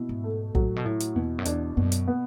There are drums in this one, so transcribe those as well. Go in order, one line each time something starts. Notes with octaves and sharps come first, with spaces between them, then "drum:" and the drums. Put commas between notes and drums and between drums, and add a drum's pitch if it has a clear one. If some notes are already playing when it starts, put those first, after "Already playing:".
Already playing: B2 E4
G#2
A3
A2 F#3, drum: kick
B2
A2 E4
drum: hi-hat
E2 B2
F#2
E2 D4, drum: hi-hat
F#2 B2
drum: hi-hat
B3